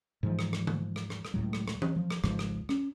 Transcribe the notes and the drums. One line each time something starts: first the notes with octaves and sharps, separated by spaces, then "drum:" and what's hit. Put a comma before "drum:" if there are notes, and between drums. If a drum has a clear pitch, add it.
G#2 E3 F3
drum: rim click
drum: rim click
drum: tom D3
drum: rim click
drum: rim click
drum: rim click
C#2 A2 F#3
drum: rim click
drum: rim click
drum: tom E3
F3
drum: rim click
G#1 C#2 G#2 F3, drum: rim click
drum: rim click
C#4, drum: rim click